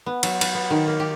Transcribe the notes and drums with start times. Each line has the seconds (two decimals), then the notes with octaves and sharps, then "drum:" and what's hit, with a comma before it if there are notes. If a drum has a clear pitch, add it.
0.06 B3
0.23 F#3, drum: cymbal
0.41 B4, drum: cymbal
0.55 B3
0.70 D#3
0.87 A#3
1.00 G4